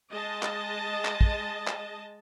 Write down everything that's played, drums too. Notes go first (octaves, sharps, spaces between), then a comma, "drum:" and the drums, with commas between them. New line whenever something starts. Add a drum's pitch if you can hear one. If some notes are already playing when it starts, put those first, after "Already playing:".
G#3 D#5 A5
drum: clap
drum: clap
drum: kick
drum: clap